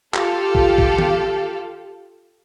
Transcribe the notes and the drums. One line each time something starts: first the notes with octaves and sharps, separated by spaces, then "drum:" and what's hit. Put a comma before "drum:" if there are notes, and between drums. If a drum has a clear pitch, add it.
F4 G4 A4 F5, drum: clap
drum: kick
drum: kick
drum: tom D#3